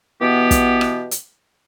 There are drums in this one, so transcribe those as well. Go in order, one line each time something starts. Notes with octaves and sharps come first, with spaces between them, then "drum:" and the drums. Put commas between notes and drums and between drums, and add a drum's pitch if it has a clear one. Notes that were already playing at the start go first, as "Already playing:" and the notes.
B2 E3 B3 G4
drum: kick, hi-hat
drum: rim click
drum: hi-hat